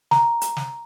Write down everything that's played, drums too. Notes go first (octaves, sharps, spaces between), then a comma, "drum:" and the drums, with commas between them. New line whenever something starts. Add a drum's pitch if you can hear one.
A#5, drum: snare
drum: hi-hat
drum: snare